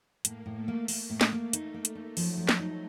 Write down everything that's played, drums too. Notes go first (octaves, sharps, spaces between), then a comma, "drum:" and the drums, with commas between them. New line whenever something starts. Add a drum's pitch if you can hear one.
A2 A#3, drum: hi-hat
A2
A3
A#3
A#3, drum: open hi-hat
A2
drum: snare
A#3
D#4, drum: hi-hat
A#3
drum: hi-hat
D#4
F3 F#3, drum: open hi-hat
F3
drum: snare
D#4